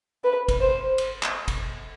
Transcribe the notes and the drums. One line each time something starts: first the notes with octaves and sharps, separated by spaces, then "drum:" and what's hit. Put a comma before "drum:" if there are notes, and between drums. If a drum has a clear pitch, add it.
B4
drum: kick, cymbal
C5
drum: cymbal
drum: clap
drum: kick, cymbal